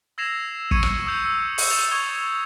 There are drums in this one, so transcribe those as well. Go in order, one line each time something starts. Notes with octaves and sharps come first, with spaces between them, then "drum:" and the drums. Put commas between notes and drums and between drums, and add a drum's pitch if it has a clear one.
E6 G#6 A#6 C7 E7 F7
C#6 E6 G#6 C#7 D#7, drum: kick
drum: rim click
D#6 E6 G6 C#7
E6
drum: open hi-hat
G6 A6 E7 F7 G7
C#6 D#6 G#6 F7 G7